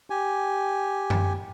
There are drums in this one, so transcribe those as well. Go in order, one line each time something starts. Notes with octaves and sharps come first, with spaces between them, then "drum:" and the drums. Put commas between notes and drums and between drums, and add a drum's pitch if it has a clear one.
G4 G#5
drum: tom F#2